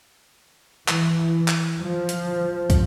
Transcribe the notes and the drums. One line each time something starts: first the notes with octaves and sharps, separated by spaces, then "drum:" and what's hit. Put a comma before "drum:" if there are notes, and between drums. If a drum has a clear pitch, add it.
E3, drum: clap
drum: clap
F3
drum: hi-hat
drum: kick, hi-hat